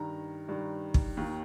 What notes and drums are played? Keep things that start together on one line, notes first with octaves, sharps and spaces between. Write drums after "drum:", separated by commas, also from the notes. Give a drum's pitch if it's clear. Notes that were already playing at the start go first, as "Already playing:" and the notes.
Already playing: G2 D#3 A#5
G2 D#3
drum: kick
D#2 D#3